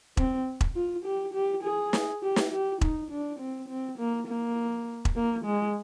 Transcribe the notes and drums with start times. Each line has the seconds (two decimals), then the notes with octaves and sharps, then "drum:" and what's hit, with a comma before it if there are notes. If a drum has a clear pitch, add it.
0.17 C4, drum: kick E1
0.61 drum: kick E1
0.75 F4
1.05 G4
1.33 G4
1.64 G#4
1.93 drum: snare
2.22 G4
2.36 drum: snare
2.52 G4
2.81 D#4, drum: kick E1
3.11 D4
3.39 C4
3.68 C4
3.98 A#3
4.27 A#3
5.05 drum: kick E1
5.15 A#3
5.45 G#3